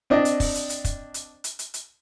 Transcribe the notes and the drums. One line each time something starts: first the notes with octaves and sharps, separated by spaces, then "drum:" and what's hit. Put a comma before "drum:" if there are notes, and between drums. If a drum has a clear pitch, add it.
C4 D4 D#5
drum: hi-hat
drum: kick, open hi-hat
drum: hi-hat
drum: hi-hat
drum: kick, hi-hat
drum: hi-hat
drum: hi-hat
drum: hi-hat
drum: hi-hat